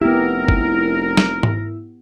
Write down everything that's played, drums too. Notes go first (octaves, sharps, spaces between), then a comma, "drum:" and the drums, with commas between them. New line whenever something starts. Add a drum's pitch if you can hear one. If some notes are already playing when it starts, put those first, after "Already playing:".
F1 B3 E4 G4 A#4
drum: kick
drum: snare
drum: tom G#2